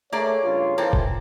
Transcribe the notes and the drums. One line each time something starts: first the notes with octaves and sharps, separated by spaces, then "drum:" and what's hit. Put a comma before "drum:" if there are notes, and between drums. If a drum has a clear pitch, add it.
A3 A#3 G#4 C#5 D5
G2 C#3 F4
E3 F3 A#3 C4 A4
drum: kick F1